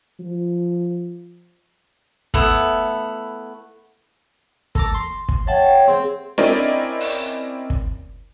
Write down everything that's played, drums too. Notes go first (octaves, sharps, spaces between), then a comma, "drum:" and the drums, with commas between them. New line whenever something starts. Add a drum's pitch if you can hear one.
F3
A3 B3 E4, drum: kick
A4 A#5 D6, drum: kick
C6
drum: kick
C#5 E5 F#5 G5 A5
C4 G#4
C4 C#4 E4 A#4 D5 D#5, drum: snare D4
drum: open hi-hat
drum: kick